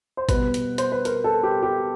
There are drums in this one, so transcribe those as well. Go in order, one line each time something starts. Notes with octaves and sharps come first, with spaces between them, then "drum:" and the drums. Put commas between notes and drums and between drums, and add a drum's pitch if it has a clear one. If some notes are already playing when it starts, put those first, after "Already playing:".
C5
B2 G3 B3 B4, drum: kick G#1, hi-hat
drum: hi-hat
C5, drum: hi-hat
B4
A#4, drum: hi-hat
A4
G4
G4